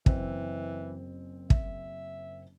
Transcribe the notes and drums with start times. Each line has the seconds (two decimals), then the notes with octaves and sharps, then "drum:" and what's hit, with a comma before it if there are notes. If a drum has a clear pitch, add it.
0.06 F#1 E3 C4, drum: kick
1.50 E5, drum: kick